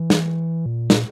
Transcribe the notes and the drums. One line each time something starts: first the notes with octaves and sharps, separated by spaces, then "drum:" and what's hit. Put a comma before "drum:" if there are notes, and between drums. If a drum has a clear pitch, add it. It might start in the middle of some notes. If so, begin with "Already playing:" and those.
Already playing: E3
drum: snare
A#2
drum: snare